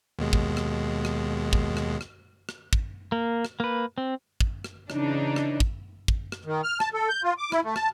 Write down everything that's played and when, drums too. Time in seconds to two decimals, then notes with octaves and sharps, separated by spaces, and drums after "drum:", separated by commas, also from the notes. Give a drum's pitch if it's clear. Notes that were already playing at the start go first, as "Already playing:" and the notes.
0.19 D#2 B2 G#3
0.33 drum: kick
0.57 drum: rim click
1.05 drum: rim click
1.53 drum: kick
1.77 drum: rim click
2.01 drum: rim click
2.49 drum: rim click
2.73 drum: kick
3.12 A#3
3.45 drum: rim click
3.60 A#3 B4
3.98 C4
4.40 drum: kick
4.64 drum: rim click
4.90 C#3 E3 D4 D#4, drum: rim click
5.36 drum: rim click
5.60 drum: kick
6.08 drum: kick
6.32 drum: rim click
6.46 D#3
6.64 F6
6.80 A5, drum: rim click
6.94 A4
7.09 G6
7.23 F4
7.38 D6
7.52 E4, drum: rim click
7.64 A3
7.76 A5, drum: rim click